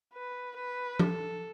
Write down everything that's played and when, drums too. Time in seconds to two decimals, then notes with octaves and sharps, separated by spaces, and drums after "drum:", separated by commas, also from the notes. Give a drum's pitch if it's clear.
0.14 B4
0.57 B4
0.99 A4, drum: tom F3